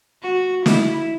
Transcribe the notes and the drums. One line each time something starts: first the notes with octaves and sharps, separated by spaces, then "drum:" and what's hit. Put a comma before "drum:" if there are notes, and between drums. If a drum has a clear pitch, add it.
F#4
E4, drum: snare